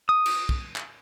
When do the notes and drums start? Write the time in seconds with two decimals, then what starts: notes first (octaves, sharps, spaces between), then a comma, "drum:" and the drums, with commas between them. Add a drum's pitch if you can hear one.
0.09 D#6
0.26 drum: cymbal
0.49 drum: kick
0.76 drum: clap